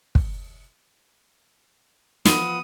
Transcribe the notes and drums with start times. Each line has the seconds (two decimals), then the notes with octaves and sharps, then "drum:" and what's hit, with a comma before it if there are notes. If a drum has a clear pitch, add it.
0.15 drum: kick
2.25 F3 B3 D#6, drum: snare